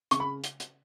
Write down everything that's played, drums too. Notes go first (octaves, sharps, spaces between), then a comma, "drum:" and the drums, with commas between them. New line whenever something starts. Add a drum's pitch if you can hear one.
C#3 C#6, drum: hi-hat
B5
drum: hi-hat
drum: hi-hat